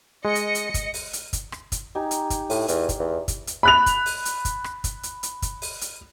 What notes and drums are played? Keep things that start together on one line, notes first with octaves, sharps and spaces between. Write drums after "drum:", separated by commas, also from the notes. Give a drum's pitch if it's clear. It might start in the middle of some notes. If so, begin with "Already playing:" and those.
G#3 D#5 C#7
drum: hi-hat
drum: hi-hat
drum: kick, hi-hat
drum: open hi-hat
drum: hi-hat
drum: kick, hi-hat
drum: rim click
drum: kick, hi-hat
D#4 G4 G#5
drum: hi-hat
drum: kick, hi-hat
A2, drum: open hi-hat
E2, drum: hi-hat
drum: kick, hi-hat
E2
drum: kick, hi-hat
drum: hi-hat
B5 F#6 F7
drum: kick, hi-hat
drum: open hi-hat
drum: hi-hat
drum: kick, hi-hat
drum: rim click
drum: kick, hi-hat
drum: hi-hat
drum: hi-hat
drum: kick, hi-hat
drum: open hi-hat
drum: hi-hat